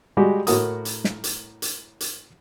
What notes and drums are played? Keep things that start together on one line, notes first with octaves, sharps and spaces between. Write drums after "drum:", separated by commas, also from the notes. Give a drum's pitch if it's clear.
G3 G#3 F#4 G4
A2 A#3 F#4 A#4 D#6, drum: hi-hat
drum: hi-hat
drum: snare
drum: hi-hat
drum: hi-hat
drum: hi-hat